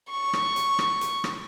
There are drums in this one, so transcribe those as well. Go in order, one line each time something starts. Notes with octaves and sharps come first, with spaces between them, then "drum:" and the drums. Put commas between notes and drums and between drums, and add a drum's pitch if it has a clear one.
C#6
drum: rim click
drum: hi-hat
drum: rim click
drum: hi-hat
drum: rim click